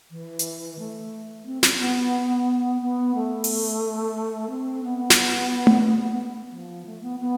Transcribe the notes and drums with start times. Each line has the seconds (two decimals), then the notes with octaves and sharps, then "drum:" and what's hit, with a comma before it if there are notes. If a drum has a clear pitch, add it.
0.10 E3
0.39 drum: hi-hat
0.78 A3
1.45 C4
1.63 C4, drum: snare
1.73 C4
1.79 B3
2.81 B3
3.14 A3
3.44 drum: open hi-hat
4.49 C4
4.83 B3
5.10 drum: snare
5.67 drum: tom A3
6.51 F3
6.85 A3
7.02 B3
7.19 B3